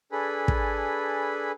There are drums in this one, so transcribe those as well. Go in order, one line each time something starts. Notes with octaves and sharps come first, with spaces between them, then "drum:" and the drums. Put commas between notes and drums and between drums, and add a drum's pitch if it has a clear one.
D4 G#4 A4 B4 G#5 B5
drum: kick